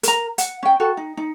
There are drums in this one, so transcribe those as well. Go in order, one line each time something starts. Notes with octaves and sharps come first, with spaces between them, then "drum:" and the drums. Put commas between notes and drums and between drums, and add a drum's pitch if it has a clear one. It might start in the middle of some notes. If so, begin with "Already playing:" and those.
A#4 A#5, drum: hi-hat
F#5, drum: hi-hat
C#4 G5
F#4 A4
D#4
D#4